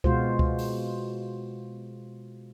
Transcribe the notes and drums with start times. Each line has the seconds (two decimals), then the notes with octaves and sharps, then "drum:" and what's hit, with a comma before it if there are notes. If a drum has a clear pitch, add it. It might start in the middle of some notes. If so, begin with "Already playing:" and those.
0.04 B2 G#3 F4 F#4 C5, drum: kick C#2
0.39 drum: kick C#2
0.58 drum: open hi-hat